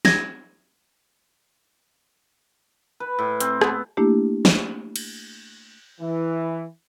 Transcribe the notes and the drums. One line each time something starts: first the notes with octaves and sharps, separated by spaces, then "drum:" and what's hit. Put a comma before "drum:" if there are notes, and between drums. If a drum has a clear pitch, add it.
G#6 A#6, drum: snare
B4
A2
C4, drum: hi-hat
B3, drum: rim click
A3 A#3 D4 E4 G4
drum: snare
drum: cymbal
E3